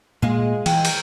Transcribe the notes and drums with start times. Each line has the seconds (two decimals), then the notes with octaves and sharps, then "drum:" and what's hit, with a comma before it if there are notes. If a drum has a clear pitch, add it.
0.22 A#2 G#3 A#3 F4
0.66 E3 G5, drum: cymbal
0.85 drum: cymbal